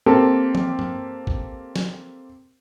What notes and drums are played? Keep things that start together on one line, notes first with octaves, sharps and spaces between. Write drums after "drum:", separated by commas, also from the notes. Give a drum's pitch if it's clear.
A#3 C4 G4 A4 A#4
drum: tom
drum: tom G2
drum: kick A1
drum: snare